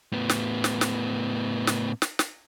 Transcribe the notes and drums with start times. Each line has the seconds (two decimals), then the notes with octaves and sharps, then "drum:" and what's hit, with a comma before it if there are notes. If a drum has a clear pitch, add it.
0.12 A2 B3
0.29 drum: snare
0.64 drum: snare
0.81 drum: snare
1.67 drum: snare
2.02 drum: snare
2.19 drum: snare